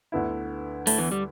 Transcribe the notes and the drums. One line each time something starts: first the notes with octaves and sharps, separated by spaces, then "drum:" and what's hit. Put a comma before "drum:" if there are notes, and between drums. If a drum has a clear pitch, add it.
D2 D3 B3 E4
A2 A3, drum: open hi-hat
E2 E3
G3